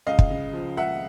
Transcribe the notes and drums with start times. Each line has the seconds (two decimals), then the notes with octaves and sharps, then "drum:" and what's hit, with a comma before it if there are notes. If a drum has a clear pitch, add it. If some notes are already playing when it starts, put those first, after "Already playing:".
0.07 C#2 D#5 F5
0.19 drum: kick
0.30 C#3
0.53 F3
0.77 C#2 E5 F#5